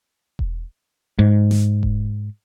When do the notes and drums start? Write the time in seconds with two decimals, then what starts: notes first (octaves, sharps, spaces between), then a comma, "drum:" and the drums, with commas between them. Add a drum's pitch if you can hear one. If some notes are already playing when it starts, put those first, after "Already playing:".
0.39 drum: kick E1
1.19 G#2
1.51 drum: snare
1.83 drum: kick E1